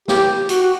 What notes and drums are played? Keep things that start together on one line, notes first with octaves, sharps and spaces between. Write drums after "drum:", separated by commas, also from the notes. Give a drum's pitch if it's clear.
G4, drum: snare
F#4, drum: hi-hat
F#4